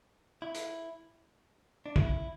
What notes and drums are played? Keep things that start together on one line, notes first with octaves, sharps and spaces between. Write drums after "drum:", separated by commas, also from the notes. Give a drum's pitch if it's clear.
E4
drum: hi-hat
D4
E4, drum: kick